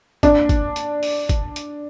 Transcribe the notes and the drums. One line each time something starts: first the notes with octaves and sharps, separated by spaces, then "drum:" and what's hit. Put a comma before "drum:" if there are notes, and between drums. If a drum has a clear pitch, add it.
D4, drum: kick, hi-hat
drum: kick, hi-hat
drum: hi-hat
drum: open hi-hat
drum: kick, hi-hat
drum: hi-hat